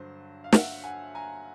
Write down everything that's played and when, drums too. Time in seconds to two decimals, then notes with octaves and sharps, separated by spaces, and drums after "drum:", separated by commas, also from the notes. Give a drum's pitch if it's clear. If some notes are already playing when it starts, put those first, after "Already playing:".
Already playing: G2 D3 F#3 C5
0.44 F5
0.52 E5 F#5, drum: snare
0.84 F#5 G#5
1.15 G#5 A#5